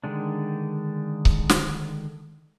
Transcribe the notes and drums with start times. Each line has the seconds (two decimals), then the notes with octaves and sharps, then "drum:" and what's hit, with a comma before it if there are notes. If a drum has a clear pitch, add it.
0.04 D3 D#3 G#3 D4
1.25 drum: kick C#1
1.49 drum: snare